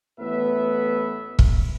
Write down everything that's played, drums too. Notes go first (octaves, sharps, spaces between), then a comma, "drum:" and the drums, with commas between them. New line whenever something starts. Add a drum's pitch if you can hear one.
A1 A2 B3 B4 E5
drum: kick